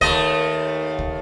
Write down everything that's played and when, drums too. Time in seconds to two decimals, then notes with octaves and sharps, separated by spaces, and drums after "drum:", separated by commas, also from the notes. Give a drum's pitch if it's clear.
0.01 D#2 A3 D#5, drum: kick
0.99 drum: kick